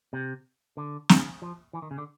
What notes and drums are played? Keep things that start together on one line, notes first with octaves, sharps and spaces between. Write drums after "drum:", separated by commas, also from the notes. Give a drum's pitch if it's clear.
C3
D3
drum: snare
F3
E3
D#3
C#3
D3